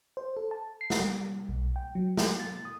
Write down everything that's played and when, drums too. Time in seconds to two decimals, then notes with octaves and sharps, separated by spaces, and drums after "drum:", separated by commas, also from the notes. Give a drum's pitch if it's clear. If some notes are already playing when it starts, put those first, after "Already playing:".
0.17 C5
0.37 A4
0.51 A5
0.81 C7
0.90 drum: snare
1.00 G3
1.49 B1
1.76 G5
1.95 F#3
2.17 drum: snare
2.40 A6
2.65 D#6